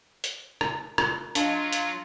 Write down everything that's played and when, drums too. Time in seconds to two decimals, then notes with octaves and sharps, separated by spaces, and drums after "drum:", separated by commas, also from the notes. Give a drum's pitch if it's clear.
0.24 drum: hi-hat
0.61 drum: rim click
0.98 drum: rim click
1.35 F#3 D4 F4 D#5 F5 A5, drum: hi-hat
1.73 drum: hi-hat